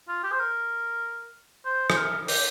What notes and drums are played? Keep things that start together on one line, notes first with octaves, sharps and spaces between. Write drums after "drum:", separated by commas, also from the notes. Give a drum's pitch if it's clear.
F4
G4
C5
A#4
C5
C5, drum: rim click
A#4
G4, drum: open hi-hat